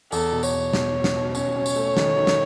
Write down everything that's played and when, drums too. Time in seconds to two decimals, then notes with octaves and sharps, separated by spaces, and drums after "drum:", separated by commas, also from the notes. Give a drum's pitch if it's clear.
0.12 E2 A4, drum: tambourine
0.32 B2
0.43 C#5, drum: tambourine
0.53 E2
0.73 B2, drum: snare
0.94 B2
1.04 drum: snare
1.15 B2
1.35 C#4 C#5, drum: tambourine
1.56 C#4
1.66 drum: tambourine
1.76 A3
1.97 D#3, drum: snare
2.17 D#3
2.27 drum: snare